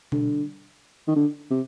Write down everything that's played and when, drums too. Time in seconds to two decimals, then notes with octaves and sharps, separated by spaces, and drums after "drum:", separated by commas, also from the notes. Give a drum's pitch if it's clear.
0.12 D3, drum: tom B2
1.08 D#3
1.16 D3
1.51 C3